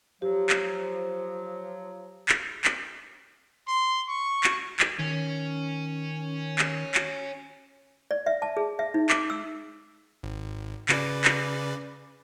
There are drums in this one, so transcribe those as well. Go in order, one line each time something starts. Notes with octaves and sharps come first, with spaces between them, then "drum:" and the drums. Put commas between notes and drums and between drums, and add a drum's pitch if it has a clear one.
F3 F#3 G4
drum: clap
drum: clap
drum: clap
C6
C#6
drum: clap
drum: clap
D#3 C#4
drum: clap
drum: clap
D5
E5
A5
G#4
E5
D#4
D6, drum: clap
E6
G#1
C#3 B4 D5, drum: clap
drum: clap